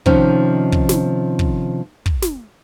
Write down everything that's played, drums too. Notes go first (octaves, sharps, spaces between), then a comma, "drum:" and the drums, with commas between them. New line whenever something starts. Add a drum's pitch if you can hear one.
C3 D#3 F3 C#4 D#4, drum: kick
drum: kick
drum: snare
drum: kick
drum: kick
drum: snare